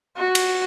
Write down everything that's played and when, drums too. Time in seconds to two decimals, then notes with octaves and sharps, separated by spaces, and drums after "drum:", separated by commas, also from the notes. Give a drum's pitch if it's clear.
0.17 F#4
0.35 drum: cymbal